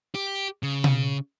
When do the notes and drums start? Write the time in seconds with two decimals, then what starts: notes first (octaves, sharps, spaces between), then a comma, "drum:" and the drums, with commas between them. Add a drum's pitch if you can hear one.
0.15 G4
0.63 C#3
0.84 drum: tom B2